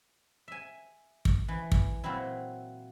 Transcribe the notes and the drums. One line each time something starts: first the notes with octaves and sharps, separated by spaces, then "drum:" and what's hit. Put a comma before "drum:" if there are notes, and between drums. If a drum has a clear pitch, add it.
E5 G#5
drum: kick
E3
drum: kick
A#2 F#3 C4 E4